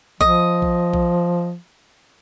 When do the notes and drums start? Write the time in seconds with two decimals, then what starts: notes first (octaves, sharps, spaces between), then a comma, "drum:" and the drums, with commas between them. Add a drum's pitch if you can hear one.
0.21 F3 D#5, drum: kick A#1
0.62 drum: kick A#1
0.94 drum: kick A#1